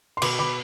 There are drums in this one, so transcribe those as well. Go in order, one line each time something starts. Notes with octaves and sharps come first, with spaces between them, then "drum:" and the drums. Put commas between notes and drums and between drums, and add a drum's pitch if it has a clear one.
C6
B2 B5 D6, drum: cymbal
B2 B5 D6